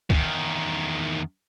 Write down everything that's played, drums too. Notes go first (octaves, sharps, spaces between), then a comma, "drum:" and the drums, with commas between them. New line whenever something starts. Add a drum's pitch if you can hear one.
E2 D#3, drum: kick